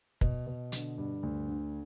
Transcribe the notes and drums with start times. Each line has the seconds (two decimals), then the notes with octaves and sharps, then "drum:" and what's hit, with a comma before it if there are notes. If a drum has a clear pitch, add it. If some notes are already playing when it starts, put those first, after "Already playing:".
0.21 B2, drum: kick
0.47 B2
0.72 D3, drum: hi-hat
0.98 G2
1.23 D2
1.48 D3